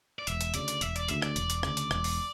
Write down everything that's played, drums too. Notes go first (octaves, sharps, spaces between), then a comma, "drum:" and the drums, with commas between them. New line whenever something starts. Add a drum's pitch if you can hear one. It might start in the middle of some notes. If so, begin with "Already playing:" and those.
D5
E1 E5, drum: hi-hat
drum: hi-hat
D2 C#3 D5, drum: hi-hat
drum: hi-hat
E1 E5, drum: hi-hat
D5, drum: hi-hat
D2 C#3 E5, drum: hi-hat
D5, drum: rim click
E1, drum: hi-hat
drum: hi-hat
D2 C#3, drum: rim click
drum: hi-hat
E1, drum: rim click
drum: open hi-hat